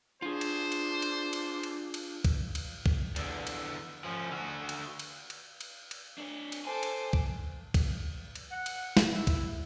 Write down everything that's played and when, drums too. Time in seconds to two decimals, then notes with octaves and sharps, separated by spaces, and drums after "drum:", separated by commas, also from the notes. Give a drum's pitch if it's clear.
0.22 D4 F4 G#4 C5
0.41 drum: cymbal
0.72 drum: cymbal
1.02 drum: cymbal
1.33 drum: cymbal
1.63 drum: cymbal
1.94 drum: cymbal
2.25 drum: kick, cymbal
2.55 drum: cymbal
2.86 drum: kick
3.16 E2 D3, drum: cymbal
3.47 drum: cymbal
4.04 F3 C#4
4.31 D3 F#4
4.69 drum: cymbal
4.99 drum: cymbal
5.30 drum: cymbal
5.61 drum: cymbal
5.91 drum: cymbal
6.18 D4 C#5
6.52 drum: cymbal
6.65 A4 C5 G#5 D6
6.83 drum: cymbal
7.13 drum: kick
7.74 drum: kick, cymbal
8.35 drum: cymbal
8.51 F#5
8.66 drum: cymbal
8.97 drum: snare
9.12 E4
9.27 drum: kick, cymbal